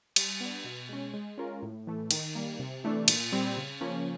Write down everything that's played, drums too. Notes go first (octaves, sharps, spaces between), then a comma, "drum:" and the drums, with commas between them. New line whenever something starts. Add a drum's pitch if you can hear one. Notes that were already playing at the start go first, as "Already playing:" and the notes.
G3, drum: cymbal
B3 D4
B2
G#3 C#4
G#3
C#4 F4 A#4
A2
E3 A3
D#3, drum: cymbal
G3 A#3
C3
E3 A3 D4
A#2, drum: cymbal
G3 C4
C#3
F3 A#3 C#4